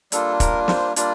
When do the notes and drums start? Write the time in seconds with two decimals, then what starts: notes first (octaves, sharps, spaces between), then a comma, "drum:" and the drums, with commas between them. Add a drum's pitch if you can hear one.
0.12 G3 A#3 D4 F4 A4, drum: hi-hat
0.40 A#4, drum: kick, hi-hat
0.68 C5, drum: snare
0.96 G3 A#3 D4 F4 D5, drum: hi-hat